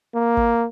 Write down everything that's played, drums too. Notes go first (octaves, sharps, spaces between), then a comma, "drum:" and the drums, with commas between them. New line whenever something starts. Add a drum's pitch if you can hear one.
A#3
drum: kick